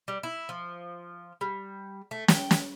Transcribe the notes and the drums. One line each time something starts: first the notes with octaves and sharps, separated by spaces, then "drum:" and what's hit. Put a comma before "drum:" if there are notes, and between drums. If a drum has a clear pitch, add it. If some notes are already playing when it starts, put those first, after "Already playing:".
G3
E4
F3
G3
A3
G5, drum: snare
drum: snare